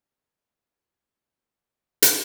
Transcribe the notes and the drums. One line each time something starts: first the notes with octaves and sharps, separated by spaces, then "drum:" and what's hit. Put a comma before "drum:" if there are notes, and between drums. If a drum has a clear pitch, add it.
A#3 D#4 E4 G#4 G#6
drum: hi-hat